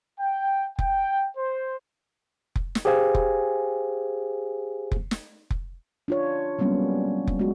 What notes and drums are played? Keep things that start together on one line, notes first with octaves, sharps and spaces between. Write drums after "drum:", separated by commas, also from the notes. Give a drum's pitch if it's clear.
G5
G5, drum: kick F1
C5
drum: kick F1
drum: snare
G4 G#4 C5 F5 G#5
drum: kick F1
drum: kick F1
drum: snare
drum: kick F1
D4 F4 C#5
F#3 G3 A#3 B3 C#4
drum: kick F1
G#3 B3 F#4